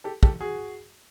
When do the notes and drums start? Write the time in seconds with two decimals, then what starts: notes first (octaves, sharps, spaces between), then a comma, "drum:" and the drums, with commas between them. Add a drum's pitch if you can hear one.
0.04 G4 A4
0.23 G4 A4, drum: kick
0.40 F#4 G#4